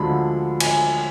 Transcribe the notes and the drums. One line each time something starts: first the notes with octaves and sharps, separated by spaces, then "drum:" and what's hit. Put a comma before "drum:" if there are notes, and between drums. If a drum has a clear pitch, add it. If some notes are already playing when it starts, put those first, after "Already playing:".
Already playing: D2 D3 F3 G#3 B5
G#5, drum: cymbal